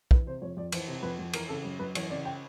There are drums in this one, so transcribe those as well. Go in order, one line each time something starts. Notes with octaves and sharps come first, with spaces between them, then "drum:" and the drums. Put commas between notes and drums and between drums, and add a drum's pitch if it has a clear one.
E3 B4, drum: kick
C3 C5
F2 C#5
F2 D5
E3 C5, drum: cymbal
C3
F2 B4
F2
E3 A#4, drum: cymbal
C#3 A4
F#2
F#2 B4
E3 C#5, drum: cymbal
C#3 D5
G5